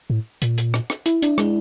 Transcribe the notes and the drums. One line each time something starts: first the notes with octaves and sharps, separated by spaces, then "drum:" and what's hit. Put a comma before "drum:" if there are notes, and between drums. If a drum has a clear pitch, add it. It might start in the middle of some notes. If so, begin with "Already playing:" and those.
A2
A#2, drum: hi-hat
drum: hi-hat
drum: rim click
drum: rim click
E4, drum: hi-hat
D4, drum: hi-hat
G#3, drum: rim click